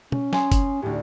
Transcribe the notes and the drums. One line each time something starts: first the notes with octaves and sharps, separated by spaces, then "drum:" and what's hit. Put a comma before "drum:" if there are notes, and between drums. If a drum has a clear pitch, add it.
C#4, drum: tom
G#5 C6 D#6, drum: snare
drum: kick, hi-hat
D2 A2 G4